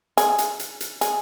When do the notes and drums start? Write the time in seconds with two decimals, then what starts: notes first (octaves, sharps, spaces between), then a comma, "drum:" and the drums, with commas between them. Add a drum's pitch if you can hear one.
0.17 G#4, drum: hi-hat
0.38 drum: hi-hat
0.59 drum: hi-hat
0.80 drum: hi-hat
1.01 G#4, drum: hi-hat